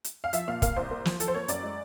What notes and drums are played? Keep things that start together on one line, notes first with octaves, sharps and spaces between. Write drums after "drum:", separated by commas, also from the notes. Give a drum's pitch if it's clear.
drum: hi-hat
F5
F3 E5, drum: hi-hat
A#2 F5
A#3 F5, drum: kick, hi-hat
C2 C5
A#3
F3, drum: snare
F3 A4, drum: hi-hat
C5
A#3 C#5
F#2 D5, drum: hi-hat
G#3